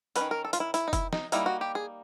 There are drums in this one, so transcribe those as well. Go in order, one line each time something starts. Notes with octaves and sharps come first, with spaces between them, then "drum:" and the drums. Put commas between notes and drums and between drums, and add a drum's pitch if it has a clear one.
G#3 C#4 B4, drum: hi-hat
D#3
A#4
A4
F4, drum: hi-hat
E4
E4, drum: hi-hat
D#4
E4, drum: kick F1, hi-hat
D#4, drum: snare
G3 A#3 D#4 E4, drum: hi-hat
F#4
G4
G#4